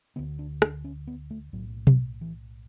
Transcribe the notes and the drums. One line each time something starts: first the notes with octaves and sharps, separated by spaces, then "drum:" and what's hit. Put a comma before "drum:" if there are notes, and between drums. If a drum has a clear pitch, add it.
D2 D3 B3
D4
D4, drum: rim click
C#4
B3
A3
B1 A2 F#3
F#3, drum: tom B2
E3